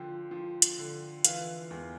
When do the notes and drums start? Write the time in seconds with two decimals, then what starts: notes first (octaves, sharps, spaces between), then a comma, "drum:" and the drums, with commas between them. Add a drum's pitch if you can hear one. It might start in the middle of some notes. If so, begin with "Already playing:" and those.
Already playing: D3 F3 G5
0.31 F3
0.62 drum: hi-hat
0.78 D3
1.24 E3 F5, drum: hi-hat
1.71 E2